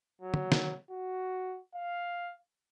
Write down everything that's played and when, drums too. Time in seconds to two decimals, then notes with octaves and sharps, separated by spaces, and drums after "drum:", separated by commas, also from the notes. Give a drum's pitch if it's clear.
0.22 F#3
0.34 drum: tom
0.52 drum: snare
0.91 F#4
1.75 F5